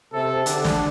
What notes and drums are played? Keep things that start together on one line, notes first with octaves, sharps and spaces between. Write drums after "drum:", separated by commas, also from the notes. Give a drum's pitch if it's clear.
C3 A4
D3 D4, drum: hi-hat
drum: snare